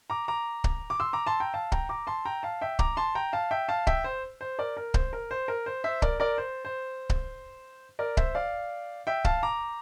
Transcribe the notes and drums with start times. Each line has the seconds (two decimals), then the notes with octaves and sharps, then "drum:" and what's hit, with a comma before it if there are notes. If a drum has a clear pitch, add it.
0.10 A#5 D6
0.28 A#5 D6
0.64 drum: kick C#1
0.90 D6
1.00 C6 E6
1.13 A#5 D6
1.27 A5 C6
1.40 G5 A#5
1.54 F5 A5
1.72 G5 A#5, drum: kick C#1
1.89 A#5 D6
2.07 A5 C6
2.25 G5 A#5
2.43 F5 A5
2.61 E5 G5
2.79 A#5 D6, drum: kick C#1
2.97 A5 C6
3.15 G5 A#5
3.33 F5 A5
3.51 E5 G5
3.69 F5 A5
3.87 E5 G5, drum: kick C#1
4.04 C5
4.41 C5
4.59 A#4 D5
4.77 A#4
4.94 C5, drum: kick C#1
5.13 A#4
5.31 C5
5.48 A#4
5.66 C5
5.84 C5 E5
6.02 A#4 D5, drum: kick C#1
6.20 A#4 D5
6.38 C5
6.65 C5
7.10 drum: kick C#1
7.99 A#4 D5
8.17 C5 E5, drum: kick C#1
8.35 D5 F5
9.07 E5 G5
9.24 F5 A5, drum: kick C#1
9.43 A#5 D6